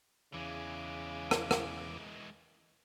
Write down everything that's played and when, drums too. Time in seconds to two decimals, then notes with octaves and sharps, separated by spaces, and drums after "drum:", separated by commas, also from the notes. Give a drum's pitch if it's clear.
0.34 E2 C#3 E3 G#3 D6
1.31 drum: rim click
1.51 drum: rim click